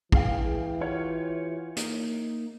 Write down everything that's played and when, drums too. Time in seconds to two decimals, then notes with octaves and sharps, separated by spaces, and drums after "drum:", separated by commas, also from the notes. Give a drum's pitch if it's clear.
0.12 E3 G#4 F5 G5, drum: kick
0.81 F4 G4 C#5 F#5
1.77 A#3 D#4, drum: hi-hat